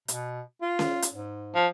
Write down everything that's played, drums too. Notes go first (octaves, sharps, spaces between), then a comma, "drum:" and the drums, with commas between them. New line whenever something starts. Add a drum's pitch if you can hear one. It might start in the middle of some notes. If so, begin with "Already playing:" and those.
B2, drum: hi-hat
F4
drum: snare C#4
drum: hi-hat
G#2
F3